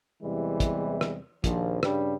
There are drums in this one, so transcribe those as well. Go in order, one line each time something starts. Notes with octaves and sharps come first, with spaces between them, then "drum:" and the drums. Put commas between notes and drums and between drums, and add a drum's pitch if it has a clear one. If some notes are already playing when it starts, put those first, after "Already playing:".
E2 C3 E3 G3 G#3
drum: kick, hi-hat
drum: rim click
A#1 D#2 F3, drum: kick, hi-hat
G2 C#3 G3 D4, drum: rim click